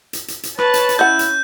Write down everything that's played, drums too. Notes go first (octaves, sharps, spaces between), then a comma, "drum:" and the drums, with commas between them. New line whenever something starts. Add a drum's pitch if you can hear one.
drum: hi-hat
drum: hi-hat
drum: hi-hat
B4 C#5 A5, drum: rim click
drum: hi-hat
drum: hi-hat
C#4 E4 D#5 F#5 G6
drum: hi-hat